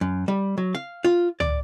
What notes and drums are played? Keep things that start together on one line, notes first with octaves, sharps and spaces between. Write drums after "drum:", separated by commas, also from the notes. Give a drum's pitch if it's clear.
F#2
G3
F#3
F5
F4
D5, drum: tom C#2